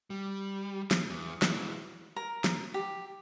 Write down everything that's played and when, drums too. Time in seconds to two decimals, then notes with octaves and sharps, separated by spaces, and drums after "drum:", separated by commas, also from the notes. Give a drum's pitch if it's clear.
0.10 G3
0.91 drum: snare
1.10 E2
1.42 E3 G#3, drum: snare
2.16 A#4
2.44 drum: snare
2.74 G4